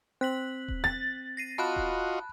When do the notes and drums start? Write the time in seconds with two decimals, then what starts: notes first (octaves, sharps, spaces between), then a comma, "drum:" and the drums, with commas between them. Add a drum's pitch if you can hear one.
0.21 C4 F#6 B6 F#7
0.68 drum: kick D#1
0.84 A6
1.37 A#6 C7 D#7
1.58 F4 F#4 D#5 A5 B5 F#6
1.76 drum: kick D#1